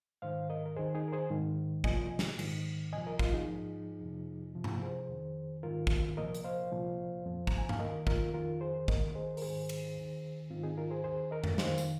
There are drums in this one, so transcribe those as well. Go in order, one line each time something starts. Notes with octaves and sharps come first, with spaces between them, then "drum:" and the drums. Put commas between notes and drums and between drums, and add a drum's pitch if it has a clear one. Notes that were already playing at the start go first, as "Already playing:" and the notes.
G#2 D#3 C5 F5
A#4 D#5
A#4
D#2 D#3 G#4 C5
D#4 G#4
A#4
G#4 C5
G#2 D#3
C2 A#2 F3 D#5 G#5, drum: kick
drum: snare
G#2 D#3, drum: cymbal
C2 A#2 F3 D#5 G#5
A#4 D#5
F4 A#4, drum: kick
D#4 G#4
G#2 F3
F2 C3 F3
C2 C3 F3
drum: tom G2
G#4 C5
F2 D#3
G#2 D#3 F4 A#4
drum: kick
C2 A#2 F3 A#4 D#5
drum: hi-hat
C5 F5
C2 A#2 F3
F2 F3
A#5, drum: kick
G#5
F5, drum: tom G2
D#2 D#3 A#4 D#5
F4 A#4, drum: kick
F2 D#3 F4 A#4
G#4 C5
D#2 D#3 A#4 D#5, drum: kick
G#4 C5
A#4, drum: open hi-hat
G#2 D#3 G#4 C5
drum: cymbal
D#2 D#3
G#2 D#3 C4 F4
D#4 G#4
F4 A#4
G#4 C5
D#2 D#3 G#4 C5
A#4 D#5
drum: tom F2
F2 D#3 C5 F5, drum: snare
drum: tambourine